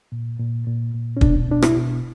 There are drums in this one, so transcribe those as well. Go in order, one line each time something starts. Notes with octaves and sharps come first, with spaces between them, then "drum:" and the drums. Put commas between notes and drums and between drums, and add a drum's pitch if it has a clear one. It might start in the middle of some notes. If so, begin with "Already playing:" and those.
A#2
A#2
A#2
A#2
C#4
B2 D4, drum: kick
B2 D4
E4, drum: rim click
B2